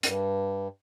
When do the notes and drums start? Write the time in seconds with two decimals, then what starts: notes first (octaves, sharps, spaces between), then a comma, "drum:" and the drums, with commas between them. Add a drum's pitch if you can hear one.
0.03 G2, drum: hi-hat